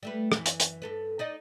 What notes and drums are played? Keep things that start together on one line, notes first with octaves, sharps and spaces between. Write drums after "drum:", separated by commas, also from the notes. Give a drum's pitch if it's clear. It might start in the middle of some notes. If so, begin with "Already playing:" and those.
G3 A3 B4
F#2 E3, drum: rim click
drum: hi-hat
drum: hi-hat
G2 A4 B4
D#4 D5 D#5